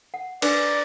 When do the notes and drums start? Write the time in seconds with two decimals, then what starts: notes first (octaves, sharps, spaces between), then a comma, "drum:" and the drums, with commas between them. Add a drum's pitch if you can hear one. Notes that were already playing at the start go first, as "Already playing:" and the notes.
0.14 F#5
0.42 D4 B4 D5, drum: cymbal